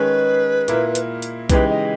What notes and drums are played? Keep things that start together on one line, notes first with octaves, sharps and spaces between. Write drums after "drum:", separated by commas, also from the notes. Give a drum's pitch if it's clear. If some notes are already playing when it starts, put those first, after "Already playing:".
Already playing: D#3 G#3 C#4 G#4 B4
A#2 A#3 E4 A#4, drum: hi-hat
drum: hi-hat
drum: hi-hat
C#3 E3 G#3 D#4 G4 B4, drum: kick B1, hi-hat
D#5